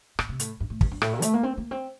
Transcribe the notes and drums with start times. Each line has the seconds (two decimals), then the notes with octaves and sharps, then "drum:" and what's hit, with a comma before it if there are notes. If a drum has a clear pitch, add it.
0.19 A#2, drum: rim click
0.29 C3
0.40 A2, drum: hi-hat
0.60 G2
0.70 A2
0.81 G2, drum: kick
0.91 G2
1.02 A2, drum: rim click
1.13 A#2
1.22 A3, drum: hi-hat
1.33 A#3
1.43 C4
1.58 A#3
1.71 C4